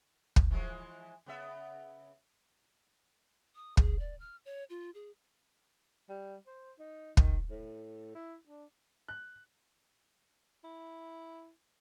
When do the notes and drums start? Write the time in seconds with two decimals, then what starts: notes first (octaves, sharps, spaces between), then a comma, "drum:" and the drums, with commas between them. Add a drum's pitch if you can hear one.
0.36 drum: kick
0.51 E3 F3 G#3
1.26 C#3 B3 E5
3.55 D#6
3.77 G#4, drum: kick
3.99 D5
4.20 F6
4.45 C#5
4.70 F4
4.95 G#4
6.09 G3
6.47 C5
6.79 D#4
7.17 D#3, drum: kick
7.50 A2
8.15 E4
8.47 D4
9.08 F#6
10.64 E4